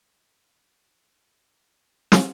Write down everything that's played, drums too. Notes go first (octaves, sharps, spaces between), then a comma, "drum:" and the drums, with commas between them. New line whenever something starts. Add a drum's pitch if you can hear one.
C3 G3 D4 G#5
C6
A#5
G#5
G5
G5
A#5
A#5
A#5
drum: snare